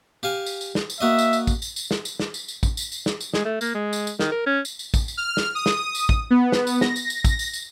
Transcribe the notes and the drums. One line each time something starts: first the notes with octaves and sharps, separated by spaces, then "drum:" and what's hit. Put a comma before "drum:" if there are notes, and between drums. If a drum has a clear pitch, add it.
G4 F5 G#5
drum: tambourine
drum: tambourine
drum: snare
drum: tambourine
A#3 F#4 D#5 E5
drum: tambourine
drum: tambourine
drum: kick, tambourine
drum: tambourine
drum: tambourine
drum: snare
drum: tambourine
drum: snare
drum: tambourine
drum: tambourine
drum: kick, tambourine
drum: tambourine
drum: tambourine
drum: snare
drum: tambourine
G#3, drum: snare
A3
A#3, drum: tambourine
G#3
drum: tambourine
drum: tambourine
D#3, drum: snare
A#4
C#4
drum: tambourine
drum: tambourine
drum: kick, tambourine
drum: tambourine
F6
drum: snare
D#6
drum: snare
drum: tambourine
drum: kick
B3
drum: snare
drum: tambourine
A#6, drum: snare
drum: tambourine
drum: tambourine
drum: kick, tambourine
drum: tambourine
drum: tambourine